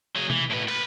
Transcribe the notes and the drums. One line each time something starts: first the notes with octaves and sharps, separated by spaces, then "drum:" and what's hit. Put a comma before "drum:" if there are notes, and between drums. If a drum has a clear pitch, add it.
F#3 G#4
E3, drum: tom B2
A2 B4
B4, drum: cymbal